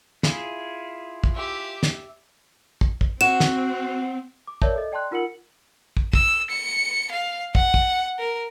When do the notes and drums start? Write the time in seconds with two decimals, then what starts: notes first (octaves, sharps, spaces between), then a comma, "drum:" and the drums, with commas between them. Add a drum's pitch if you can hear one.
0.23 E4 F4 G#4, drum: snare
1.24 drum: kick
1.35 G4 E5
1.83 drum: snare
2.81 drum: kick
3.01 drum: kick
3.21 C4 F#4 E7
3.40 drum: snare
4.47 D6
4.62 A#4 C#5 D5 E5 A5, drum: kick
4.76 A4 D#5
4.92 D5 G5 A5 C6 F#6
5.11 D#4 F4 A#4 F#5 C#7 F#7
5.97 drum: kick
6.13 E6, drum: kick
6.50 C#7
7.11 F5
7.55 F#5, drum: kick
7.74 drum: kick
8.19 A#4